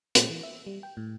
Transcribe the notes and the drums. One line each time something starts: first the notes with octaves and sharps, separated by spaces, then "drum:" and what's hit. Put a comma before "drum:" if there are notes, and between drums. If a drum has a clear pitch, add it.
A#2, drum: hi-hat
E3
E5
G3
G5
A2